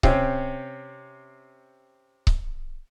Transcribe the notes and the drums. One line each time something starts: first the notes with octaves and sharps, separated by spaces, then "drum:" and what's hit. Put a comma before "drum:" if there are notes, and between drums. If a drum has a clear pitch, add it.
C3 C4 C#4, drum: kick C#1
drum: kick C#1